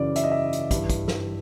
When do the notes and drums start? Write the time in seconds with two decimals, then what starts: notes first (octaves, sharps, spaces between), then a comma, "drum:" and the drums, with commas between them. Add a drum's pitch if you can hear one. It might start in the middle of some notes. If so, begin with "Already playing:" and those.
Already playing: F#2 C#3 E3 D5
0.16 E5, drum: hi-hat
0.24 D#5
0.32 E5
0.53 drum: hi-hat
0.71 G2 E3, drum: kick, hi-hat
0.90 drum: kick, hi-hat
1.08 drum: snare